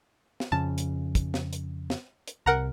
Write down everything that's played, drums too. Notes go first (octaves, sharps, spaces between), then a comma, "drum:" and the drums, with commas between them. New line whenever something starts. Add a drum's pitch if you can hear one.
drum: snare
F2 C#3 A5
drum: hi-hat
drum: kick, hi-hat
drum: snare
drum: hi-hat
drum: snare
drum: hi-hat
C2 A#4 F#5 A#5